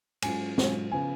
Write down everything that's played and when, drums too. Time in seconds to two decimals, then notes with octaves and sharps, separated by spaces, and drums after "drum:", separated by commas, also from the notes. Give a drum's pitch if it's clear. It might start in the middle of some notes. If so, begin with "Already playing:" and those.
0.22 G#2 F#3 C#4 F4 G#5, drum: cymbal
0.58 G#2 F#3 C#4 F4, drum: snare
0.92 C#3 F3 B3 G#5